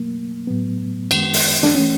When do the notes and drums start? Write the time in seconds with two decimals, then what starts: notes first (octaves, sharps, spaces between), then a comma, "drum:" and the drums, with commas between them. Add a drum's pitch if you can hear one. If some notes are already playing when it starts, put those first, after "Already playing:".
Already playing: B2 F#3 A3 A#3
0.47 A2 F#3 A3 B3
1.11 F#2 D#3 G#3, drum: cymbal
1.33 drum: open hi-hat
1.63 D4, drum: snare
1.75 E3 A3 C#4